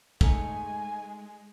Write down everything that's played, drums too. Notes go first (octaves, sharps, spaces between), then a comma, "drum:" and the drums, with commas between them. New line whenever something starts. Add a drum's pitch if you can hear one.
G#3 A3 D#4 G#5, drum: kick